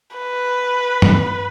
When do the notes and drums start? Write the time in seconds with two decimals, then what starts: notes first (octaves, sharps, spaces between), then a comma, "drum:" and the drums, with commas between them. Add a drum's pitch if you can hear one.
0.17 B4
1.02 drum: tom G2